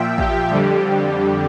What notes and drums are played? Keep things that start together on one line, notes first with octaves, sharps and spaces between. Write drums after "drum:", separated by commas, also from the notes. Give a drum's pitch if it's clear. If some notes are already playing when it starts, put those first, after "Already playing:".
Already playing: A#2 F3 E5 G5
G4, drum: kick A1
F2 D3 G3